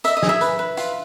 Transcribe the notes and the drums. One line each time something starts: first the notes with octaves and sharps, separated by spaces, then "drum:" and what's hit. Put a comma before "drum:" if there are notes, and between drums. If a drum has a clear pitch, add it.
D#5 E5, drum: hi-hat
D#5
G#4, drum: snare
E5
B4, drum: hi-hat
B4
F4, drum: hi-hat